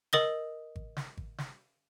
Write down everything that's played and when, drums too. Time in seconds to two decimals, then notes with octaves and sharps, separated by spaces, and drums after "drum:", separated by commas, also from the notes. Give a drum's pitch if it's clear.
0.13 A#4 D#5 D#6 A#6 G7, drum: snare
0.76 drum: kick G#1
0.97 drum: snare
1.17 drum: kick G#1
1.38 drum: snare